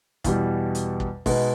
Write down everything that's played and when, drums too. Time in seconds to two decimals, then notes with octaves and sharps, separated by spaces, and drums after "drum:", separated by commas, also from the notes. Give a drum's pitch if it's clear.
0.24 E2 B2 G3, drum: kick, hi-hat
0.75 drum: hi-hat
1.00 drum: kick
1.26 B2 G#3 B3 D#4, drum: kick, open hi-hat